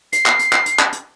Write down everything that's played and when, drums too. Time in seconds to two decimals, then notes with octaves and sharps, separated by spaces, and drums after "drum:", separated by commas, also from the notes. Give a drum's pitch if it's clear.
0.12 C7, drum: hi-hat
0.26 drum: clap
0.39 drum: hi-hat
0.52 drum: clap
0.66 drum: hi-hat
0.79 drum: clap
0.92 drum: hi-hat